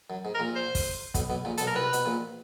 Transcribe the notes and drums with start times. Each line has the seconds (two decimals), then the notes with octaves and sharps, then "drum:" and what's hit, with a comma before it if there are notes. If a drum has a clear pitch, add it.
0.10 F#2
0.25 G#2
0.35 A#4
0.40 A#1 A#2
0.55 C5
0.75 drum: kick, open hi-hat
1.14 B1 B2, drum: kick, hi-hat
1.30 B1 B2
1.45 A#1 A#2
1.57 B1 B2 A4, drum: hi-hat
1.67 A#4
1.75 C2 C3 B4
1.93 B2, drum: hi-hat
2.05 A#1 A#2